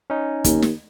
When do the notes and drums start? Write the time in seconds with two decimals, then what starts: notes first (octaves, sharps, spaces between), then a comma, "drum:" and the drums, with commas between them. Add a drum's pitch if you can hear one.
0.10 C#4 D#4
0.44 D#2, drum: kick, hi-hat
0.62 drum: snare